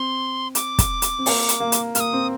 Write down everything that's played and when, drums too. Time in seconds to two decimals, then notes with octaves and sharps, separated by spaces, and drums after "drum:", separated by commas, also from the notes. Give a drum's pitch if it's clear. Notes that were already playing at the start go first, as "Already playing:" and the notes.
Already playing: C4 C6
0.55 D6, drum: hi-hat
0.79 drum: kick, hi-hat
1.02 drum: hi-hat
1.19 C4
1.26 A#3, drum: open hi-hat
1.49 drum: hi-hat
1.60 A#3
1.72 drum: hi-hat
1.95 A#3 F6, drum: hi-hat
2.00 D#6
2.13 C4